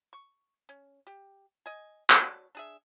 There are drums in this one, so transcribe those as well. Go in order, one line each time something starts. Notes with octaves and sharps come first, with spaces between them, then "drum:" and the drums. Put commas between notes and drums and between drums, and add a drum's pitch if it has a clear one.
C#6
C#4
G4
D#5 G#5
F#4 C#5 D5 A5, drum: clap
D4 G#4 E5